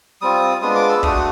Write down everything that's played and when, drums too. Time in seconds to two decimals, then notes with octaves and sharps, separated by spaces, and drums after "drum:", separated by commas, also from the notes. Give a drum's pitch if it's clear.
0.21 G3 C4 F4 D#6
0.62 G#3 B3 D4 F4 D#6
0.75 D6
0.89 E6
1.03 A3 D4 F#4 D#6, drum: kick